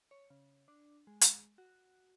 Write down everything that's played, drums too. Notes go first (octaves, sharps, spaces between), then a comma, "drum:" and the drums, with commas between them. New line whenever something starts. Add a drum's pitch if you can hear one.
C#5
C#3
D4
G#3
drum: hi-hat
F#4